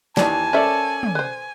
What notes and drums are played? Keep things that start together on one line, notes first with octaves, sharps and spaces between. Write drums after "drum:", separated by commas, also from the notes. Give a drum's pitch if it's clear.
D#2 D#3 E3 D4 G#5 A5, drum: snare
C#4 A4 A#4 C5 D5 E5
drum: tom
B4 C5